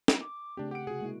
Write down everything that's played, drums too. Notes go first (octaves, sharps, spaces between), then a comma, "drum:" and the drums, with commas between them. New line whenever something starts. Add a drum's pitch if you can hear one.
drum: snare
D6
C#3 A3 C4 D4 G4
G4 F#5 D7
C3 F#4 G#4
G#3 A#3 E4